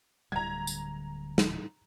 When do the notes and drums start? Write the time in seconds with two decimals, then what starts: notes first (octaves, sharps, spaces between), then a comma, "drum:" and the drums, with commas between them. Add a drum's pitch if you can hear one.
0.32 D1 D3 G3 A#5 G#6
0.67 drum: tambourine
1.38 drum: snare